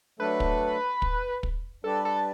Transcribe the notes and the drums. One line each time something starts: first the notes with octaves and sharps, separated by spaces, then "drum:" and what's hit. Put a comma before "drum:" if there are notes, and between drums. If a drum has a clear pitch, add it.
F#3 A3 D4 A4 B4
drum: kick
drum: kick
drum: kick
G3 D4 G4 A4 B4 D5
A4